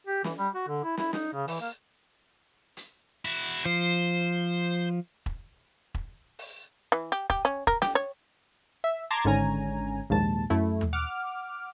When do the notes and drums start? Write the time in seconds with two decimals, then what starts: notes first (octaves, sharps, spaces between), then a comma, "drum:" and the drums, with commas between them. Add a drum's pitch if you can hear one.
0.07 G4
0.24 E3, drum: snare
0.38 G3
0.55 F#4
0.68 D3
0.84 E4
0.97 E4, drum: snare
1.13 D#4, drum: snare
1.34 C#3
1.48 E3, drum: open hi-hat
1.61 A#3
2.77 drum: hi-hat
3.25 E4 F#4
3.66 F3 C5
5.26 drum: kick E1
5.95 drum: kick E1
6.39 drum: open hi-hat
6.92 E3
7.12 G4
7.30 G4, drum: kick E1
7.45 C#4
7.67 A#4, drum: kick E1
7.82 G4, drum: snare
7.95 C#5
8.84 E5
9.11 A5 A#5 C6 D6 G#6 A6
9.25 G#1 G#2 D3 C#4 G#5 A#5
10.10 A#1 D#2 G#2 A5
10.50 F#2 A3 E4
10.81 drum: tom D#2
10.93 F#5 D6 F6